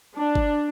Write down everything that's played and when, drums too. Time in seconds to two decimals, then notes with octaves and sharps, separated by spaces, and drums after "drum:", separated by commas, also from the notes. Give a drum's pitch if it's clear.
0.15 D4
0.35 drum: kick